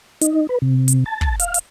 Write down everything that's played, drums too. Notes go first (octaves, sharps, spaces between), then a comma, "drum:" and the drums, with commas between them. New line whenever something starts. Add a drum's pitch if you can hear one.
D#4, drum: hi-hat
B4
C3
drum: hi-hat
A5
drum: kick
F5, drum: hi-hat
drum: hi-hat